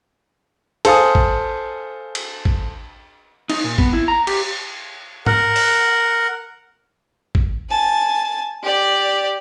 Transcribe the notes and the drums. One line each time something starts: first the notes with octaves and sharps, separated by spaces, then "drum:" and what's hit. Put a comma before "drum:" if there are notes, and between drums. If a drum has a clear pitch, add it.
A4 C5 F5 G#5 D#6, drum: cymbal
drum: kick
drum: cymbal
drum: kick
D#4, drum: cymbal
A#2
B3, drum: kick
E4
A#5
G4, drum: cymbal
A#4 F#5, drum: tom
drum: open hi-hat
drum: kick
G#5 A5
G4 D5